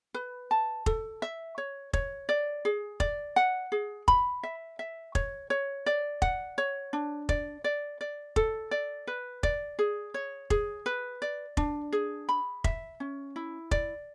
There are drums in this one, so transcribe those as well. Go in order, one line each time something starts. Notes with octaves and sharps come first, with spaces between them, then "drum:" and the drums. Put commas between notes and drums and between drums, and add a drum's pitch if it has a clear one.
B4
A5
A4, drum: kick F1
E5
C#5
C#5, drum: kick F1
D5
G#4
D5, drum: kick F1
F#5
G#4
B5, drum: kick F1
E5
E5
C#5, drum: kick F1
C#5
D5
F#5, drum: kick F1
C#5
D4
D5, drum: kick F1
D5
D5
A4, drum: kick F1
D5
B4
D5, drum: kick F1
G#4
C#5
G#4, drum: kick F1
B4
D5
D4, drum: kick F1
G#4
B5
E5, drum: kick F1
C#4
E4
D5, drum: kick F1